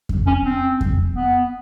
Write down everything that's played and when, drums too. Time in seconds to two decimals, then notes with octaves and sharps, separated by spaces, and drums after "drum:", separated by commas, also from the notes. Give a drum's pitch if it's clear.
0.09 drum: kick F2
0.27 C#4
0.45 C4
0.81 drum: kick F2
1.16 B3